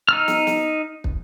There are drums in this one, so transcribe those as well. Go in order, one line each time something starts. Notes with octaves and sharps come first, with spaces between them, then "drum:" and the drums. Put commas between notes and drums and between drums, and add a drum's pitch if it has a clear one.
D#4 E6 F6
drum: snare
drum: snare
drum: kick